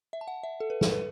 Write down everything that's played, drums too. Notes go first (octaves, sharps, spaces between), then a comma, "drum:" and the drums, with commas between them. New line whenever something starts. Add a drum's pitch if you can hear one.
E5
A5
F#5
E5
A4
B4
A4, drum: snare
B4